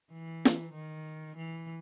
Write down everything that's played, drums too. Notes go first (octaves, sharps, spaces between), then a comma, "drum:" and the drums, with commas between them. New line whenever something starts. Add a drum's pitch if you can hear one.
E3
drum: snare
D#3
E3